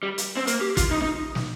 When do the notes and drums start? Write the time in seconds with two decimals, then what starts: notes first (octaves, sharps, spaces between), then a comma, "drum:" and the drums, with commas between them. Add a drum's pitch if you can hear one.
0.03 G3
0.18 drum: hi-hat
0.37 C4
0.47 A#3, drum: hi-hat
0.61 G4
0.77 F4, drum: kick, hi-hat
0.91 D#4
1.02 D#4
1.35 drum: snare